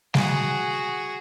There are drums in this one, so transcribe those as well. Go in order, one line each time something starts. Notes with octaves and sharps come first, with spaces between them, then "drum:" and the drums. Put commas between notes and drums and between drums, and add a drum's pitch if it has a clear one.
F#4 G#4, drum: snare G3